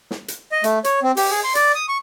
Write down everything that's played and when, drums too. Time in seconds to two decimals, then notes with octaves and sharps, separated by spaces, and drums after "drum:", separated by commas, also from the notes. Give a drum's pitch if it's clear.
0.11 drum: snare
0.28 drum: hi-hat
0.52 D#5
0.64 A3, drum: hi-hat
0.84 C#5, drum: hi-hat
1.03 C4
1.17 G4, drum: open hi-hat
1.31 G#4
1.44 C6
1.55 D5, drum: hi-hat
1.75 D#6
1.89 C#6